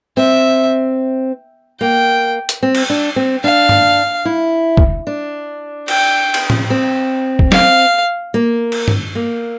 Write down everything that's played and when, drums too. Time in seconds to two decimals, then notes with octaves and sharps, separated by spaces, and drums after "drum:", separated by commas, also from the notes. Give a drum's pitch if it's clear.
0.17 C4 E5
1.81 A#3 G5
2.49 drum: hi-hat
2.63 C4
2.75 drum: cymbal
2.90 D4
3.16 C4
3.44 D4 F5
3.69 drum: tom
4.25 E4
4.77 drum: kick
5.07 D4
5.88 G5, drum: cymbal
6.34 drum: cymbal
6.50 drum: tom A2
6.70 C4
7.39 drum: kick
7.52 F5, drum: snare
8.34 A#3
8.72 drum: cymbal
8.88 drum: tom
9.15 A#3